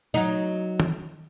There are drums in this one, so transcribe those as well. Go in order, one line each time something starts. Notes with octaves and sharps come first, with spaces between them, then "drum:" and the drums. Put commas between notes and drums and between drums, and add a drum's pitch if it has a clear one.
F#3 D#4
drum: tom D#3